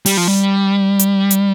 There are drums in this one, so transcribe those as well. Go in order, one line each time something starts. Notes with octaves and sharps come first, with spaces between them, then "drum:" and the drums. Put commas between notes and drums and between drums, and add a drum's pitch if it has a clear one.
G3, drum: open hi-hat
F3
G3
drum: hi-hat
drum: hi-hat